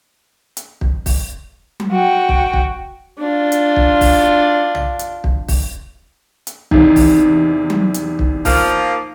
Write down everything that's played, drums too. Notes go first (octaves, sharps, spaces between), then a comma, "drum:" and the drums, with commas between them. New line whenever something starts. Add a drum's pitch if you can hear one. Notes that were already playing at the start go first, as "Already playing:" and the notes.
drum: hi-hat
drum: kick
drum: kick, open hi-hat
drum: tom F#3
F#4 G5
drum: kick
drum: kick
D4 F4
drum: hi-hat
drum: kick
drum: kick, open hi-hat
drum: tom
drum: hi-hat
drum: kick
drum: kick, open hi-hat
drum: hi-hat
E2 C3 D#3 D#4, drum: kick
drum: kick, open hi-hat
drum: tom F#3
drum: hi-hat
drum: kick
F3 A#3 F4, drum: kick, open hi-hat